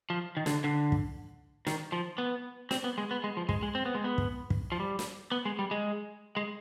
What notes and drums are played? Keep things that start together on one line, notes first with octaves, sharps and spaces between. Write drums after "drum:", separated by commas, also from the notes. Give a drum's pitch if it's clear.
F3
D#3
D3, drum: snare
D3
drum: kick
D#3, drum: snare
F3
B3
C4, drum: snare
B3
G#3
B3
G#3
F3
G#3, drum: kick
G#3
C4
B3
G#3
B3
drum: kick
drum: kick
F3
G3
drum: snare
B3
G#3
G3
G#3
G#3